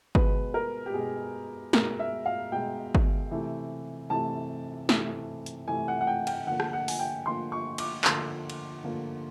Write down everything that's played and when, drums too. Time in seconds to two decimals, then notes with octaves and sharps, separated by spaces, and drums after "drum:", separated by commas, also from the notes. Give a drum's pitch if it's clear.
0.15 B2 G#3 B4, drum: kick G1
0.54 A#4
0.86 G4
0.94 B2 G#3 G#4
1.73 B2 G#3 A#4, drum: snare
1.99 E5
2.26 F5
2.52 B2 G#3 G5
2.95 drum: kick G1
3.31 C3 E3 A3
4.10 C3 E3 A3 A5
4.89 C3 E3 A3, drum: snare
5.46 drum: hi-hat
5.68 C3 E3 A3 G#5
5.88 F#5
6.01 F#5
6.07 G5
6.27 G5, drum: cymbal
6.47 D3 F3 A#3 F#5
6.60 drum: rim click
6.73 F#5
6.88 G#5, drum: open hi-hat
6.99 G5
7.25 D3 F3 A#3 C6
7.52 C#6
7.78 D6, drum: cymbal
8.04 D3 F3 A#3 C6, drum: clap
8.50 drum: cymbal
8.84 D3 F3 A#3